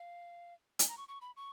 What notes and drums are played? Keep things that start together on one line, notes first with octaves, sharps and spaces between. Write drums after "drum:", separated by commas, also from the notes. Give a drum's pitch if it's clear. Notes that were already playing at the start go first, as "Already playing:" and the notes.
Already playing: F5
G#5, drum: hi-hat
A#5
C#6
C#6
B5
C#6